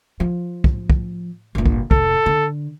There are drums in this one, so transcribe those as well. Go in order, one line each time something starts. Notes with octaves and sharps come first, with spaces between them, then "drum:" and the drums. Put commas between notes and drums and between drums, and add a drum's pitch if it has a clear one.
F3
drum: kick
drum: kick
G1 A#2
drum: kick
F1 A4, drum: kick
D3